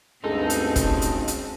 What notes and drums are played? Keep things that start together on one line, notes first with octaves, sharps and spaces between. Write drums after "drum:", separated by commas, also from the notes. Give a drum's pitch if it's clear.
D2 G2 G#3 C4 C#4 D#4 A4
drum: hi-hat
drum: kick, hi-hat
drum: hi-hat
drum: hi-hat